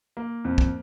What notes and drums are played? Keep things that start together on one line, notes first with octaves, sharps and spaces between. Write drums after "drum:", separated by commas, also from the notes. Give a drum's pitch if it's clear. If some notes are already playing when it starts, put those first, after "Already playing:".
A#3
F2
drum: kick